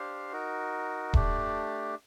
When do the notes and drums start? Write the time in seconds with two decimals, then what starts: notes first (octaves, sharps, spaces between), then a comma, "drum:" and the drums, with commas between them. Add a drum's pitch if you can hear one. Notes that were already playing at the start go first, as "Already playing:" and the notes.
Already playing: D4 G4 C5 F5
0.32 D#4 F#4 A#4
1.13 A3 D4 G4, drum: kick D#1